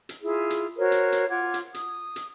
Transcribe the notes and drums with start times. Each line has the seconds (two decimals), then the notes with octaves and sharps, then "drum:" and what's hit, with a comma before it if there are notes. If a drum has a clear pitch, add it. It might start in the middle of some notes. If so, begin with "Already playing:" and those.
0.09 drum: hi-hat
0.22 E4 F4 G#4
0.50 drum: hi-hat
0.77 F#4 A#4 C5 C#5
0.92 drum: hi-hat
1.12 drum: hi-hat
1.29 F4 F#5 D6 G#6
1.54 drum: hi-hat
1.74 D#6, drum: hi-hat
2.16 drum: hi-hat